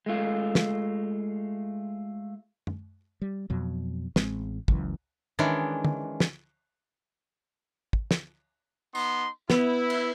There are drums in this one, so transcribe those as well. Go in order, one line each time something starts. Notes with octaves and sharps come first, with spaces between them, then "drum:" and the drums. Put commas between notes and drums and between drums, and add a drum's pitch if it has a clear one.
G#3 A3 F4
drum: snare
drum: tom F#2
G3
F2 B2 F#3
A1 G#3 C4, drum: snare
F#1 C#2 F#2 E3, drum: kick
D#3 E3 G#3 C#4 D4
drum: tom
drum: snare
drum: kick
drum: snare
B3 D#4 C6, drum: tambourine
B3 E4, drum: snare
drum: cymbal